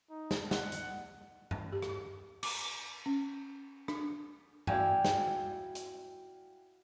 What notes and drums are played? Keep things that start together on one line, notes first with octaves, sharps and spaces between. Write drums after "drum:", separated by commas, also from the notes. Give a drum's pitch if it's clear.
D#4
drum: snare
F#5, drum: snare
drum: hi-hat
drum: tom G2
G4
drum: rim click
D6, drum: cymbal
C#4
D4, drum: rim click
E4 F#4 D5 F5 G5 G#5, drum: tom G2
drum: snare
drum: hi-hat